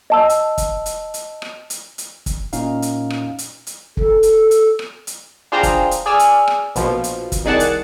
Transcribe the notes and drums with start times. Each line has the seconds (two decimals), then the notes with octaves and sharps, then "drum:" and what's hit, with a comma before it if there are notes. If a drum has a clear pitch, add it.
0.10 D#5 A5 E6
0.29 drum: hi-hat
0.58 drum: kick, hi-hat
0.86 drum: hi-hat
1.14 drum: hi-hat
1.42 drum: rim click
1.70 drum: hi-hat
1.98 drum: hi-hat
2.26 drum: kick, hi-hat
2.53 A#2 C#4 D#4 F5, drum: hi-hat
2.82 drum: hi-hat
3.10 drum: rim click
3.39 drum: hi-hat
3.67 drum: hi-hat
3.97 A4, drum: kick
4.23 drum: hi-hat
4.51 drum: hi-hat
4.79 drum: rim click
5.07 drum: hi-hat
5.52 D4 F4 G#4 C5 G5 A#5
5.63 drum: kick, hi-hat
5.91 drum: hi-hat
6.06 G#4 D5 G#5 E6 F6
6.19 drum: hi-hat
6.48 drum: rim click
6.76 A#1 B2 F3, drum: hi-hat
7.04 drum: hi-hat
7.32 drum: kick, hi-hat
7.45 C2 D#3 G#4 D5 F#5 A5
7.60 drum: hi-hat